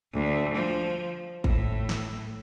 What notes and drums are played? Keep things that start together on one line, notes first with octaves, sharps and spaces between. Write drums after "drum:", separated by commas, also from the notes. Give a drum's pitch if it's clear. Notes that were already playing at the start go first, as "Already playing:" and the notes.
D2
F3
A2, drum: kick
drum: snare